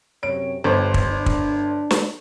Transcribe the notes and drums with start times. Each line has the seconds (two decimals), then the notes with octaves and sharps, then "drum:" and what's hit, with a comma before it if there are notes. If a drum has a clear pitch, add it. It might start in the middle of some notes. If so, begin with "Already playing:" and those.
0.23 F#2 C3 C#5 D7
0.64 G1 G2 C5
0.94 drum: kick
1.10 D4
1.26 drum: kick
1.91 drum: snare